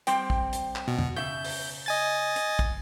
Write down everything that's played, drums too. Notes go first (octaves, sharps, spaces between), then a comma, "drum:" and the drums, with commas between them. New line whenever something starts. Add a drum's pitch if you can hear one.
G3 C4 G5, drum: hi-hat
drum: kick
drum: hi-hat
drum: clap
B2
drum: tom F2
C#3 E5 G6
drum: open hi-hat
D#5 G#5 A6
drum: hi-hat
drum: kick